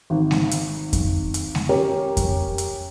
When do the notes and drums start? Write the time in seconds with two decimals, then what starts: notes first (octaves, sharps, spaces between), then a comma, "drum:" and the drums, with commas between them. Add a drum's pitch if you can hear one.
0.10 G#1
0.31 drum: snare G#3
0.51 drum: hi-hat
0.93 drum: kick F2, hi-hat
1.34 drum: hi-hat
1.55 drum: snare G#3
1.69 C#4 G4 A#4
2.17 drum: kick F2, hi-hat
2.58 drum: hi-hat